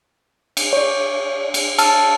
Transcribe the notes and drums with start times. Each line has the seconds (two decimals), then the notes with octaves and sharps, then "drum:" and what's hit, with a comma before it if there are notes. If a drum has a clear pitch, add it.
0.57 drum: cymbal
0.73 C#5 D5
1.54 drum: cymbal
1.78 A5 E6 F6, drum: cymbal